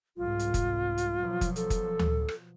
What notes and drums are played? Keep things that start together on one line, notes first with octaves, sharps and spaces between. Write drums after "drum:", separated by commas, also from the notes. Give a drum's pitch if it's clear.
C2 G#2 F4
drum: hi-hat
drum: kick F#1, hi-hat
drum: hi-hat
B2 F3 F#3
drum: kick F#1, hi-hat
A4, drum: hi-hat
drum: kick F#1, hi-hat
drum: tom D2
drum: rim click